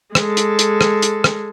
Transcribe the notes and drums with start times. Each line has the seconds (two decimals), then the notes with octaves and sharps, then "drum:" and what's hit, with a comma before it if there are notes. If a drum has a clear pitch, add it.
0.15 G#3 A4, drum: rim click
0.37 drum: hi-hat
0.59 drum: hi-hat
0.81 drum: rim click
1.02 drum: hi-hat
1.24 drum: rim click